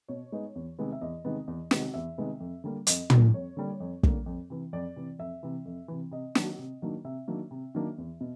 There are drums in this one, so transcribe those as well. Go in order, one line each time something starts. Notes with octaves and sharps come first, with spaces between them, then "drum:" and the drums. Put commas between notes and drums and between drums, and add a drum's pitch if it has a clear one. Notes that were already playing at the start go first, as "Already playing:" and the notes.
B2 C#5
G#3 B3 D#4
E2
C3 D#3 G#3 B3
E5
E2 D#5
C3 D#3 G#3 B3
E2
C3 D#3 G#3 B3, drum: snare
E2 E5
C3 D#3 G#3 B3
F2
D3 G3 A#3
F2 D#5, drum: hi-hat
D3 G3 A#3, drum: tom
F2 C#5
D3 G3 A#3
F2
D3 G3 A#3, drum: kick
F2
C3 E3
F2 D5
C3 E3
F2 E5
C3 E3
F2
C3 E3
C3 D#5
D#3 F#3 A#3 D4, drum: snare
C3
D#3 F#3 A#3 D4
C3 E5
D#3 F#3 A#3 D4
C3
D#3 F#3 A#3 D4
E2
B2